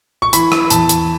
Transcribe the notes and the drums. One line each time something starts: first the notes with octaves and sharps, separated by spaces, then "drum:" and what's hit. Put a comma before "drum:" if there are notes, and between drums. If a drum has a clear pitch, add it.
C#6
E3 B5, drum: hi-hat
drum: rim click
E2 A5, drum: hi-hat
drum: hi-hat